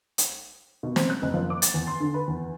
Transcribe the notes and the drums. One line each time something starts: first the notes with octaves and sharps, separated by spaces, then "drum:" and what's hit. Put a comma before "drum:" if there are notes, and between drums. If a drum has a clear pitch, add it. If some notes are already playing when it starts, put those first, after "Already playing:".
drum: hi-hat
B2
C4, drum: snare
F#6
F#1
F3
D6
A6, drum: hi-hat
E2
C6
D3
B4
E2